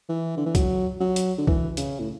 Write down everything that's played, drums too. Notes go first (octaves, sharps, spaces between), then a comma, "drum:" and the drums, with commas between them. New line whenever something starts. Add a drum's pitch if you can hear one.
E3
D3
E3
F#3, drum: kick C2, hi-hat
F#3
drum: hi-hat
D3
E3, drum: kick C2
C#3, drum: hi-hat
A2